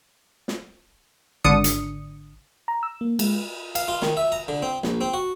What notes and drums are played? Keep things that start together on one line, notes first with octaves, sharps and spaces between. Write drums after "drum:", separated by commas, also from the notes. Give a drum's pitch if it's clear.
drum: snare
G#1 D3 D4 D#6 C#7
drum: hi-hat
A#5
E6
A#3
G#3, drum: cymbal
F5, drum: cymbal
F4
D#3, drum: snare
E5
A#5
D3
C4
A#1, drum: snare
C4
F#4